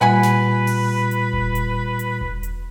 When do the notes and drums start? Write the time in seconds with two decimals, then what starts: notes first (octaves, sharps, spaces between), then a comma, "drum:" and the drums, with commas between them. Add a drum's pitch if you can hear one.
0.01 A#2 G3 F4 B4 F#5 G#5 B5
0.23 drum: snare
0.67 drum: open hi-hat
1.11 drum: hi-hat
1.33 drum: kick E1
1.55 drum: hi-hat
1.99 drum: hi-hat
2.21 drum: kick E1
2.43 drum: hi-hat